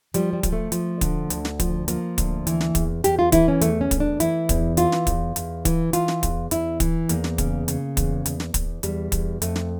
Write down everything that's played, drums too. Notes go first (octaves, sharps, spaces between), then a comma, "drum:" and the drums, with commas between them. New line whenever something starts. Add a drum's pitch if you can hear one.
F3 G3, drum: hi-hat
G3
F3, drum: kick, hi-hat
A3
F3, drum: hi-hat
D3, drum: kick, hi-hat
D2, drum: hi-hat
drum: snare
F3, drum: kick, hi-hat
F3 A#3, drum: hi-hat
D2, drum: kick, hi-hat
E3, drum: hi-hat
drum: snare
E2, drum: kick, hi-hat
E2 G4, drum: hi-hat
F4
E3 E4, drum: kick, hi-hat
C#4
E2 A3, drum: hi-hat
C#4
E2, drum: kick, hi-hat
D4
E3 E4, drum: hi-hat
E2, drum: kick, hi-hat
E3 F4, drum: hi-hat
drum: snare
E2, drum: kick, hi-hat
E2, drum: hi-hat
E3, drum: kick, hi-hat
E3 F4, drum: hi-hat
drum: snare
E2, drum: kick, hi-hat
E2 E4, drum: hi-hat
E3, drum: kick, hi-hat
E2 A#3, drum: hi-hat
drum: snare
C#3, drum: kick, hi-hat
C#3, drum: hi-hat
E2, drum: kick, hi-hat
E2, drum: hi-hat
drum: snare
E2, drum: kick, hi-hat
E2 G3, drum: hi-hat
E2, drum: kick, hi-hat
F2 A3, drum: hi-hat
drum: snare